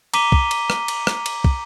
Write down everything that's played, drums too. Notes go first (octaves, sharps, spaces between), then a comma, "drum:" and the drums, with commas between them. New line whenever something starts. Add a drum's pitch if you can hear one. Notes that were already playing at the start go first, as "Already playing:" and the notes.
A#5 D6 B6 D#7 G7, drum: cymbal
drum: kick
drum: cymbal
drum: rim click
drum: cymbal
drum: rim click
drum: cymbal
drum: kick